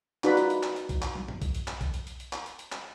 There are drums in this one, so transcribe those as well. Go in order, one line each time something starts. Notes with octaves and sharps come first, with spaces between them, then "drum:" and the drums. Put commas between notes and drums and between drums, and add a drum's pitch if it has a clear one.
D#4 F4 F#4 B4 D5 B5, drum: clap
drum: hi-hat
drum: hi-hat
drum: clap
drum: hi-hat
drum: kick B1, hi-hat
drum: clap
drum: tom
drum: tom G2
drum: kick B1, hi-hat
drum: hi-hat
drum: clap
drum: kick B1, hi-hat
drum: hi-hat
drum: hi-hat
drum: hi-hat
drum: clap
drum: hi-hat
drum: hi-hat
drum: clap